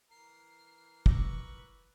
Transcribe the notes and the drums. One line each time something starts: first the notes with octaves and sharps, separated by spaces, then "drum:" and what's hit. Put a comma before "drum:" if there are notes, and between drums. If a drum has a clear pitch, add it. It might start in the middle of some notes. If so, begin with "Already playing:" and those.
E3 A#4 C7
B4 C#6 D6 E6 F#6 A#6, drum: kick